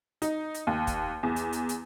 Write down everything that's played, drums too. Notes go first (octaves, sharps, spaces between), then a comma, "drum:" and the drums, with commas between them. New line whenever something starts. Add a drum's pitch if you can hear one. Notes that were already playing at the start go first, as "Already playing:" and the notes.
D#4, drum: hi-hat
drum: hi-hat
D#2
drum: kick, hi-hat
E2
drum: hi-hat
drum: hi-hat
drum: hi-hat